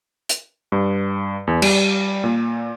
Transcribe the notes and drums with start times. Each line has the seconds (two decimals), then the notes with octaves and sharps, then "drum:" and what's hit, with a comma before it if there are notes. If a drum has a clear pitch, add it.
0.29 drum: hi-hat
0.72 G2
1.47 E2
1.62 G3, drum: cymbal
2.24 A#2